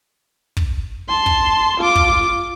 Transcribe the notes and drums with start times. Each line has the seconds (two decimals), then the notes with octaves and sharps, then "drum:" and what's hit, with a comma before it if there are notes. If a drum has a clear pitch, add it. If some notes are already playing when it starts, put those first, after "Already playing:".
0.57 drum: kick
1.09 A5 C6
1.26 drum: kick
1.80 F4 D6
1.95 drum: kick